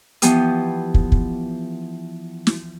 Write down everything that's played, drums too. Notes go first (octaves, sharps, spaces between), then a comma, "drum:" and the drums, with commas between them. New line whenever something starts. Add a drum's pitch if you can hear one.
E3 F3 B3 G4 D#6, drum: hi-hat
drum: kick
drum: kick
drum: snare